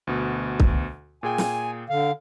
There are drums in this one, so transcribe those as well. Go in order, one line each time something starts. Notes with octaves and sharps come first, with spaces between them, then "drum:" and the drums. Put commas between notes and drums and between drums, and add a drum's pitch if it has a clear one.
D2 B2
drum: kick C2
A#2 G#4 G5 G#5
drum: snare
D3 F5